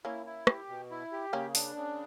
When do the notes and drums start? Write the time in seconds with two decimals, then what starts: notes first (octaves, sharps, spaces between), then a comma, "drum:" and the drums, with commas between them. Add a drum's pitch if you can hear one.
0.05 A#3 C#4 E4
0.26 E4
0.47 G4, drum: rim click
0.69 B2
0.91 E4
1.12 G4
1.33 C#3 A#3 C#4
1.55 D4, drum: open hi-hat
1.76 C#3